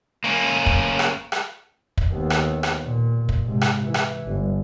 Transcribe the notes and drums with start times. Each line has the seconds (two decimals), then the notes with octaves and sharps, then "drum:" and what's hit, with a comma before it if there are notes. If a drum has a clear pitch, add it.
0.24 A#3 C#4
0.66 drum: kick
0.99 drum: rim click
1.32 drum: rim click
1.97 drum: kick
2.11 D#2 B3
2.30 drum: rim click
2.63 drum: rim click
2.84 A#2
3.29 drum: kick
3.45 G#2 C3
3.61 drum: rim click
3.83 E3
3.94 drum: rim click
4.27 G1